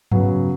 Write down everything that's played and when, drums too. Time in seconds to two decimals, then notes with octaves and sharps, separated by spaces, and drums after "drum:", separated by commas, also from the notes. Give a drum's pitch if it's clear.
0.12 C#3 F#3 B3, drum: tom G2